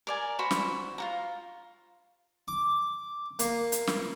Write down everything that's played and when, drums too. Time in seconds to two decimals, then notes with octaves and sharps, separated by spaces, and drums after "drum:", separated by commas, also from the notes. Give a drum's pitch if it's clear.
0.07 A#4 D5 G#5
0.39 F#4 C5 B5
0.51 drum: snare
0.98 F4 F#4 A#5
2.48 D6
3.39 A#3, drum: hi-hat
3.72 drum: hi-hat
3.87 drum: snare